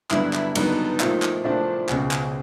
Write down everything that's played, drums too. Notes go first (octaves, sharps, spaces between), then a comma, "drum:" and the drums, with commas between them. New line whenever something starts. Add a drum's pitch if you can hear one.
G2 D3 F#3 B3 D4 E4, drum: clap
drum: clap
G2 D3 F#3 B3 D4 D#4, drum: cymbal
A#2 F3 A3 C4 E4, drum: clap
drum: clap
A#2 F3 A3 C4 D4 E4
C#2 B2 G#3 C4 C#4, drum: clap
drum: clap